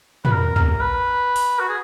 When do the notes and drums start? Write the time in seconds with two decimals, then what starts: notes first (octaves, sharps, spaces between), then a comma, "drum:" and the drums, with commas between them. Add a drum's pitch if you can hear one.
0.25 B4, drum: tom
0.32 A#4
0.56 A#4, drum: tom
0.80 B4
1.36 drum: open hi-hat
1.60 F#4
1.68 G#4